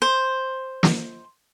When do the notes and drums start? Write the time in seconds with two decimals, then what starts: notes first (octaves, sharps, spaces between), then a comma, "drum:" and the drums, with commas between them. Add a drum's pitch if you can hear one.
0.02 C5
0.83 drum: snare